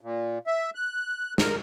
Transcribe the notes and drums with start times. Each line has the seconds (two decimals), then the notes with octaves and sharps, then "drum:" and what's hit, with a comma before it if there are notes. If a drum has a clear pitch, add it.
0.01 A#2
0.47 E5
0.75 F#6
1.38 A#4, drum: snare